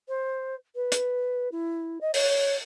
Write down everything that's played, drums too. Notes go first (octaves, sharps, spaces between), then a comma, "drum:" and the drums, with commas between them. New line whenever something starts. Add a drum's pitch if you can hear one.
C5
B4
drum: hi-hat
E4
D#5
C#5, drum: open hi-hat